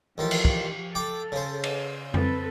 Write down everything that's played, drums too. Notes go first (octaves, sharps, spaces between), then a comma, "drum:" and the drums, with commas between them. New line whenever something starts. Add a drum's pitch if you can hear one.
A1 D#3 F3 F4 G4
drum: cymbal
drum: kick
A4 G5 D6
C#3 C5
drum: cymbal
C4 A4 B4, drum: tom F2